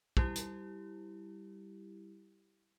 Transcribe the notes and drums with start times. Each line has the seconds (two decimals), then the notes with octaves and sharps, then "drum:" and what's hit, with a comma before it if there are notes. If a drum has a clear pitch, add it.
0.17 G3 E4 G4, drum: kick
0.36 drum: hi-hat